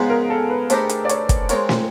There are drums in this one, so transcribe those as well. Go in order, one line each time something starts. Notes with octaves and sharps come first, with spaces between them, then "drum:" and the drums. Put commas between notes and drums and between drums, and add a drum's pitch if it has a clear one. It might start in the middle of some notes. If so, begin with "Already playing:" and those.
Already playing: C#3 F3 G#3 B3 D#4 G#4
A#4
A4
B4
A3 D4 G4 A#4 C5 D#5, drum: hi-hat
drum: hi-hat
D5
C#5, drum: hi-hat
drum: kick, hi-hat
G#3 C4 F4 A#4 C#5, drum: hi-hat
drum: snare